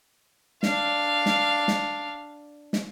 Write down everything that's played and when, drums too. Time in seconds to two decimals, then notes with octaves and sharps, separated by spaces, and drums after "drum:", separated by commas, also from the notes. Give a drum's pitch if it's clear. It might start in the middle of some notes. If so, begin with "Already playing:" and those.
0.63 D4 F5, drum: snare
1.26 drum: snare
1.68 drum: snare
2.73 drum: snare